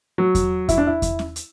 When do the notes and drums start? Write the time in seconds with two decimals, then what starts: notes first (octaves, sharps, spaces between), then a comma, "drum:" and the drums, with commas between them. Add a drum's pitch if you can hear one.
0.18 F#3
0.35 drum: kick E2, hi-hat
0.69 E4, drum: kick E2, hi-hat
0.78 D4
0.87 E4
1.02 drum: kick E2, hi-hat
1.19 drum: snare C#4
1.36 drum: hi-hat